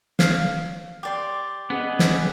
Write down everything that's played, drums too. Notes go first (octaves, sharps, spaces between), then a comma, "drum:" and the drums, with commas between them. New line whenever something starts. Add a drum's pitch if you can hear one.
F5, drum: snare
G4 D5 C6 D6
B3 C#4 G#4 D#5
drum: snare